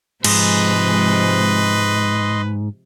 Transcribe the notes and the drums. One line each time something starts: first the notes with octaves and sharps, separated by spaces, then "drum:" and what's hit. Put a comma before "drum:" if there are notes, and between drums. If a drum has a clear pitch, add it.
G#2 C3 F3 G#3 B4 D#5 C6, drum: cymbal